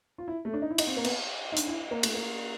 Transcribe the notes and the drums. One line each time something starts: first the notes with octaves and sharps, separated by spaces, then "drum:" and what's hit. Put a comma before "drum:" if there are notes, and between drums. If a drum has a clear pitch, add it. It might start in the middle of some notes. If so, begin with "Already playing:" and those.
F4
E4
A3
D4
D#4
E4
D#4, drum: cymbal
C4
A#3
B3, drum: cymbal
D#4
D4, drum: hi-hat
E4
A#3
A3, drum: cymbal
A#3